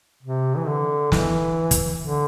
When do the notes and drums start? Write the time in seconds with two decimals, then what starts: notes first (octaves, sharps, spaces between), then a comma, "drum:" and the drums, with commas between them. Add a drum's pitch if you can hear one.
0.23 C3
0.57 E3
0.67 D3
1.12 E3, drum: snare
1.71 drum: kick, hi-hat
2.00 D3